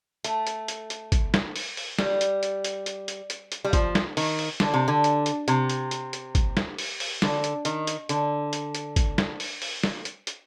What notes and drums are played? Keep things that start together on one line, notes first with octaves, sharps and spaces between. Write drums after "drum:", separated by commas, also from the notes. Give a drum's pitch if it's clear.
A3, drum: hi-hat
drum: hi-hat
drum: hi-hat
drum: hi-hat
drum: kick, hi-hat
drum: snare
drum: open hi-hat
drum: open hi-hat
G3, drum: snare
drum: hi-hat
drum: hi-hat
drum: hi-hat
drum: hi-hat
drum: hi-hat
drum: hi-hat
drum: hi-hat
G3
F3, drum: kick, hi-hat
drum: snare
D#3, drum: open hi-hat
drum: open hi-hat
D3, drum: snare
C3
D3
drum: hi-hat
drum: hi-hat
C3, drum: hi-hat
drum: hi-hat
drum: hi-hat
drum: hi-hat
drum: kick, hi-hat
drum: snare
drum: open hi-hat
drum: open hi-hat
D3, drum: snare
drum: hi-hat
D#3, drum: hi-hat
drum: hi-hat
D3, drum: hi-hat
drum: hi-hat
drum: hi-hat
drum: kick, hi-hat
drum: snare
drum: open hi-hat
drum: open hi-hat
drum: snare
drum: hi-hat
drum: hi-hat